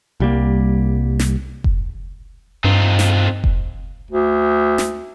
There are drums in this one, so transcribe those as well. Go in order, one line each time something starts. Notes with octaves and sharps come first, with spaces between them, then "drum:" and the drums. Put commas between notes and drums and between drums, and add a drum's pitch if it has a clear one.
C2 G3 A#3
drum: snare
drum: kick F1
G2 C4 D#4 F4
drum: snare
drum: kick F1
D2
drum: snare